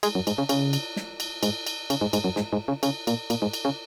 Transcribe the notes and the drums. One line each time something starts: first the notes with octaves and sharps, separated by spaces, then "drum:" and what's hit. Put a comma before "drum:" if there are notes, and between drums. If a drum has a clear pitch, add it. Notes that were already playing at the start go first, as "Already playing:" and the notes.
G#3, drum: cymbal
F#2
G#2, drum: cymbal
C#3
C#3, drum: cymbal
drum: cymbal
drum: snare
drum: cymbal
G#2, drum: cymbal
drum: cymbal
C#3, drum: cymbal
G#2
G#2, drum: cymbal
F#2
G#2, drum: snare
G#2
C#3
C#3, drum: cymbal
A#2, drum: cymbal
A#2, drum: cymbal
G#2
drum: cymbal
C#3